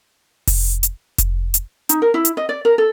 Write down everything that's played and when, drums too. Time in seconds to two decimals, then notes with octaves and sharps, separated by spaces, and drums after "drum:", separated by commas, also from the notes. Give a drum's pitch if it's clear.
0.47 drum: kick F1, open hi-hat
0.83 drum: hi-hat
1.18 drum: kick F1, hi-hat
1.54 drum: hi-hat
1.89 D#4, drum: hi-hat
2.02 A#4
2.14 E4
2.25 drum: hi-hat
2.37 D#5
2.49 D5
2.65 A#4
2.78 A4